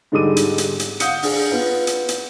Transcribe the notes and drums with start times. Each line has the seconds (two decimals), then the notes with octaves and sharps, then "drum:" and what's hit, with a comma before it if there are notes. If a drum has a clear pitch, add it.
0.12 G#2 D3 G3 G#3 D6 D#7
0.37 drum: hi-hat
0.58 drum: hi-hat
0.80 drum: hi-hat
1.00 F5 F#5 D#6 G6 C#7, drum: hi-hat
1.23 D4 G#4, drum: open hi-hat
1.51 B3 F4 B4 F#5
1.87 drum: hi-hat
2.09 drum: hi-hat